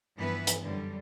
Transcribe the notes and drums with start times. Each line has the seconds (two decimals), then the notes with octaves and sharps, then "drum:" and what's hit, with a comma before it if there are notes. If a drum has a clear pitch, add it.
0.16 G2 E3 F3 B3 B4 E5
0.47 drum: hi-hat
0.63 F#2 D3 G3